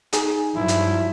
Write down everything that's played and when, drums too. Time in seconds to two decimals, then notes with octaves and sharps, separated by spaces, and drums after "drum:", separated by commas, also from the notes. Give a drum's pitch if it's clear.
0.13 D#4 G#4 G#5, drum: hi-hat
0.56 G2 F3 F#3 E4
0.68 drum: hi-hat